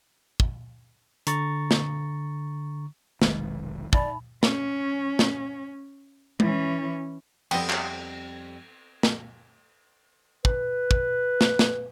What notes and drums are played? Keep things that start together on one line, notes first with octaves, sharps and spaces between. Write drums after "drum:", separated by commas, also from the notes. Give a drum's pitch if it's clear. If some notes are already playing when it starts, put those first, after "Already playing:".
drum: kick
D3 A#5 C#6 A6, drum: hi-hat
drum: snare
F1 B1 D#3 G#3 B4 D#5, drum: snare
D#4 D5 E5 B5, drum: kick
C#4, drum: snare
drum: snare
E3 C#4, drum: tom G#3
F2 G3 B3 C4 D#5 G5, drum: cymbal
drum: clap
drum: snare
B4, drum: kick
drum: kick
drum: snare
drum: snare